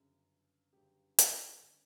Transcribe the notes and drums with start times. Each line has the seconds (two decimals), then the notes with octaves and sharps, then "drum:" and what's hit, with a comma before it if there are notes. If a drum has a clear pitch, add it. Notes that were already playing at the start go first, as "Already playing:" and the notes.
Already playing: G1 F#2 C#3
0.73 G1 F#2 C#3 G4
1.19 drum: hi-hat
1.59 G1 C#3